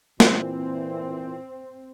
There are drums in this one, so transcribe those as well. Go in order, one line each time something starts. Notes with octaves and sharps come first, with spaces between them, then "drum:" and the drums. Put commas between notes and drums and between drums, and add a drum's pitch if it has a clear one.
A#2 E3 C4, drum: snare